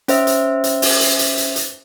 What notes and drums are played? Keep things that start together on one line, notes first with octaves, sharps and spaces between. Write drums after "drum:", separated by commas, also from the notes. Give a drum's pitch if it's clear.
C#4 C5 E5, drum: hi-hat
drum: hi-hat
drum: hi-hat
drum: open hi-hat
drum: hi-hat
drum: hi-hat
drum: hi-hat
drum: hi-hat